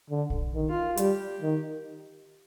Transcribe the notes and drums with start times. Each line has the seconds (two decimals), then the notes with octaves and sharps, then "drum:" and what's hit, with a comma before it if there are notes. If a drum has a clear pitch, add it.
0.10 D3
0.30 drum: kick A#1
0.55 D#3
0.69 F4
0.97 G3 G4, drum: hi-hat
1.42 D#3